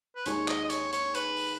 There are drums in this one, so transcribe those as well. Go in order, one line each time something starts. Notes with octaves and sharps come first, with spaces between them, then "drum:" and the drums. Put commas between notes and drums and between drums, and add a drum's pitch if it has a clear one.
B4
D#2 D#3 G#3 D#4 C#5, drum: hi-hat
D#5, drum: clap
D#5
C#5, drum: hi-hat
C#5, drum: hi-hat
B4, drum: hi-hat
drum: open hi-hat